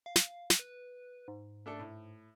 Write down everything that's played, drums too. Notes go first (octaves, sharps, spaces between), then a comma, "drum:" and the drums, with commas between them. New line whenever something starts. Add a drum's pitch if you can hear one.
F5
drum: snare
drum: snare
B4
G#2
A3 D4 A4
A2